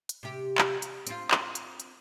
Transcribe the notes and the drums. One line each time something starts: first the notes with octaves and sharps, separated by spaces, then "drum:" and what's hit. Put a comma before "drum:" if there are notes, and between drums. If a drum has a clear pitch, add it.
drum: hi-hat
C3 G4
drum: clap
drum: hi-hat
C4 F4, drum: hi-hat
drum: clap
drum: hi-hat
drum: hi-hat